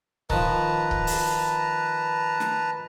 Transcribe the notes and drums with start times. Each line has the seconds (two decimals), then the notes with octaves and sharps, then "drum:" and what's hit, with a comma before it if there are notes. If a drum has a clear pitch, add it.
0.30 D#3 F3 B4 A5 A#5, drum: kick C#1
0.91 drum: kick C#1
1.07 drum: open hi-hat
2.40 drum: snare